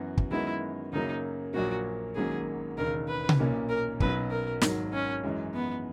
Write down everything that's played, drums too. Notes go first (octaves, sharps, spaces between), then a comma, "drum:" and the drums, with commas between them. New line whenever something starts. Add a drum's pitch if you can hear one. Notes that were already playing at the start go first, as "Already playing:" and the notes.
Already playing: F#2 E3 B3 F#4
drum: kick
F#2 D#3 G#3 B3 E4 F#4
F#2 C#3 F#3 A#3 D#4
A#1 A#2 F#3 A#3 F#4
G#1 G#2 F#3 A#3 C#4 G#4
E1 D#2 C#3 A#4
B4
drum: tom C3
B1 A#2 A#3 C#4
A#4
B1 B2 F#3 C#4 B4, drum: kick
A#4
G#1 G#2 D#3 F#3, drum: snare
C#4
F#2 E3 G#3
B3